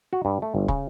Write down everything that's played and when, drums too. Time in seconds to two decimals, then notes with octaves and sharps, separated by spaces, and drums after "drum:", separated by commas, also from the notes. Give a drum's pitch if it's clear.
0.13 F#4
0.25 G2
0.42 A3
0.55 G1
0.68 C#3, drum: kick